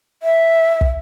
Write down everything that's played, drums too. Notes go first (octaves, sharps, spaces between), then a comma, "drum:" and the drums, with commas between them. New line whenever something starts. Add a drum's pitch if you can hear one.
E5
drum: kick